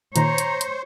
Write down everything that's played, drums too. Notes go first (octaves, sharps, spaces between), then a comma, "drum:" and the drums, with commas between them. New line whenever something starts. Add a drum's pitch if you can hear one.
A#2 D#3 C5 C#5 A#5, drum: hi-hat
drum: hi-hat
drum: hi-hat